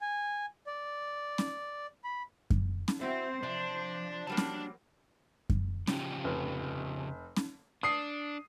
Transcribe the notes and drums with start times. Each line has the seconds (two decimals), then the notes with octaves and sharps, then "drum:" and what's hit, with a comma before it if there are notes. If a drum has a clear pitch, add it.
0.01 G#5
0.67 D5
1.38 drum: snare C#4
2.04 B5
2.50 drum: kick F#2
2.88 drum: snare C#4
3.01 C4 E4 F#4 C5
3.43 C3 F3 D4
4.27 F#3 G3 A#3 D4 A5
4.37 drum: snare C#4
5.50 drum: kick F#2
5.87 C#3 F3 G4, drum: snare C#4
6.24 F1
7.36 drum: snare C#4
7.83 D4 D#6 C7